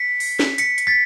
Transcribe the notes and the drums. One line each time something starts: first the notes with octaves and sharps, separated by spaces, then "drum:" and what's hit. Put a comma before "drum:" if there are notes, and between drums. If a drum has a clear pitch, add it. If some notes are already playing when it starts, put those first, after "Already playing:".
Already playing: B6 C#7
drum: open hi-hat
drum: snare
B6 C#7, drum: hi-hat
drum: hi-hat
A6 B6